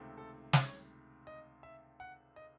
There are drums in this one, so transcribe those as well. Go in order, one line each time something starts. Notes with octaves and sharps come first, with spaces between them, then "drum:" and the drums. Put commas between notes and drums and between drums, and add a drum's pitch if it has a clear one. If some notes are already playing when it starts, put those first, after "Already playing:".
Already playing: C#2 C3 D#3 A3 C4
A4
C#5, drum: snare
D#5
E5
F#5
D#5